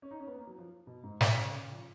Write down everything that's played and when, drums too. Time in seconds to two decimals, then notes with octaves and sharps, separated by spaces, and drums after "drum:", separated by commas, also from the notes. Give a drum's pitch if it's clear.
0.02 C#4
0.11 D#4
0.20 C#4
0.27 B3
0.36 A#3
0.47 F#3
0.58 F3
0.87 B2
1.03 G#2
1.21 A#2, drum: snare
1.37 C#3
1.54 C#3
1.71 F3